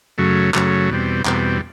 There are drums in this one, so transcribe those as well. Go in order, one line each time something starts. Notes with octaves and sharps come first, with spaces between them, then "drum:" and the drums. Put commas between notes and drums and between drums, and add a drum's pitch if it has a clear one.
F#2 C#3 F#3 A3
F#2 C#3 F#3 A3, drum: clap
E2 B2 G3 C4
E2 B2 G3 C4, drum: clap